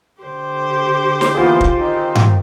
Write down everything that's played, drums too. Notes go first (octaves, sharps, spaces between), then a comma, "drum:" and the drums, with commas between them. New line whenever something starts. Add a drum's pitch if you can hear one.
D3 G4 C5
drum: snare
E3 A#3 B3 F4 G#4
drum: kick
D#3 C4 D#4
drum: tom G2